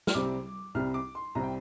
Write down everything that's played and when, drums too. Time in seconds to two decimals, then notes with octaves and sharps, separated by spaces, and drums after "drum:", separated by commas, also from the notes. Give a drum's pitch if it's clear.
0.07 F6, drum: snare
0.14 C2 C3 G3 C4 D6
0.75 C2 C3 G3 C4 F6
0.94 D6
1.15 C6
1.35 C2 C3 G3 C4 A#5
1.43 G5